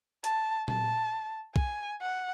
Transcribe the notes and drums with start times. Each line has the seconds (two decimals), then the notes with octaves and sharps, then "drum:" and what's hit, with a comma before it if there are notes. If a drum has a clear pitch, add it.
0.24 A5, drum: hi-hat
0.68 A5, drum: tom A#2
1.56 G#5, drum: kick
2.01 F#5